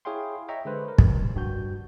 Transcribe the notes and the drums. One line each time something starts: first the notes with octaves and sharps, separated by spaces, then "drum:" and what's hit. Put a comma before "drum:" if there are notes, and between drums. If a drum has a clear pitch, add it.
E4 G#4 C#5 F5 G5 C6
C#5 D#5 E5 G5 A#5 C#6
D3 G#3 B4 C5
A#4
drum: kick
G2 F#4 G6